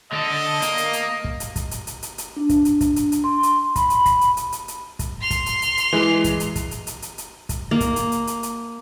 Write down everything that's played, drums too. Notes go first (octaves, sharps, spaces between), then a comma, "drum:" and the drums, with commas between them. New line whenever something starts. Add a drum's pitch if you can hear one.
D3 A4 D#5
A#3, drum: hi-hat
drum: hi-hat
drum: hi-hat
drum: kick
drum: hi-hat
drum: kick, hi-hat
drum: hi-hat
drum: hi-hat
drum: hi-hat
drum: hi-hat
D4
drum: kick, hi-hat
drum: hi-hat
drum: kick, hi-hat
drum: hi-hat
drum: hi-hat
C6
drum: hi-hat
B5, drum: kick, hi-hat
drum: hi-hat
drum: kick, hi-hat
drum: hi-hat
drum: hi-hat
drum: hi-hat
drum: hi-hat
drum: kick, hi-hat
C6 F7
drum: kick, hi-hat
drum: hi-hat
drum: hi-hat
drum: hi-hat
E3 G#3
drum: kick, hi-hat
drum: hi-hat
drum: kick, hi-hat
drum: hi-hat
drum: hi-hat
drum: hi-hat
drum: hi-hat
drum: kick, hi-hat
A#3
drum: kick, hi-hat
drum: hi-hat
drum: hi-hat
drum: hi-hat
drum: hi-hat